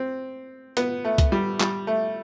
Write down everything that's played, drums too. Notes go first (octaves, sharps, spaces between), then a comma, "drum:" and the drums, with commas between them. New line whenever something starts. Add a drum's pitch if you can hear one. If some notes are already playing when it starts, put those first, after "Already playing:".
Already playing: C4
B3, drum: hi-hat
A3
drum: kick C2, hi-hat
G3
G3, drum: clap
A3